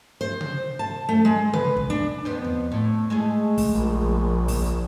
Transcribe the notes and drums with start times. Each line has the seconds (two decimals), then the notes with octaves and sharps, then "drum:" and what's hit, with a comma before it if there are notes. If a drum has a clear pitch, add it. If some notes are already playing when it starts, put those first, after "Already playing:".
0.21 C5
0.41 drum: tom C3
0.79 A5
1.09 A3
1.25 G#3
1.53 B4, drum: tom C3
1.77 drum: kick
1.90 D4
2.25 F2 B3 C5
2.44 drum: tom D#2
2.72 A2
3.10 G#3 A3 G#4
3.58 drum: kick, open hi-hat
3.75 A#1
4.48 drum: kick, open hi-hat